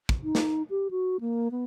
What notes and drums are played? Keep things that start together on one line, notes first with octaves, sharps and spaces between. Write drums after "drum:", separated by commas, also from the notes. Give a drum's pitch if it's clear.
drum: kick
D#4
drum: snare
G4
F#4
A#3
B3